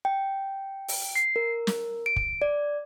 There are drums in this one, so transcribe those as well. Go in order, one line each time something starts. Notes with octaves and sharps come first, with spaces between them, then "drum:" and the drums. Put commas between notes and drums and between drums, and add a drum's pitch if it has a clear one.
G5
drum: open hi-hat
C7
A#4
drum: snare
D7
drum: kick
D5